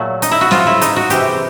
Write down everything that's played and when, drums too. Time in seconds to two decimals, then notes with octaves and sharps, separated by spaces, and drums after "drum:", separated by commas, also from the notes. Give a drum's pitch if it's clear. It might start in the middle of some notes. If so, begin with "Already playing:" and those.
Already playing: A#2 F#3 A3
0.22 D#4, drum: hi-hat
0.31 E4
0.41 F#4
0.51 A2 F3 G#3 F4, drum: snare
0.67 E4
0.81 D#4, drum: hi-hat
0.96 F#4
1.10 C3 E3 G#3 G4, drum: hi-hat